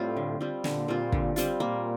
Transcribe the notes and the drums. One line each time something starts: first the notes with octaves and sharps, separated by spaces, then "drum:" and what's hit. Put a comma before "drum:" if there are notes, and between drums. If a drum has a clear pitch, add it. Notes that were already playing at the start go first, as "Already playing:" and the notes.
Already playing: A2 G3 C4 F4
D3
G3 C4 F4
A#2 D3, drum: snare
G3 C4 F4
D3, drum: kick
G3 C4 F4, drum: hi-hat
A#2 A#3